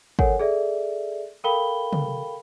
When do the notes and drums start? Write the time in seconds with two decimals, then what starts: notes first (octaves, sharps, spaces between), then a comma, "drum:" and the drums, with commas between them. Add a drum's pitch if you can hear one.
0.19 A4 A#4 C#5 F#5 G#5, drum: kick
0.39 G#4 A4 D5 E5
1.44 A4 A#4 F5 G5 B5 G7
1.93 drum: tom